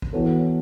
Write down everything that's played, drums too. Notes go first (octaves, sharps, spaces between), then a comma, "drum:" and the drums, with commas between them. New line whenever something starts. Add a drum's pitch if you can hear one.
drum: kick
E3 B3 F#4 A4 C#5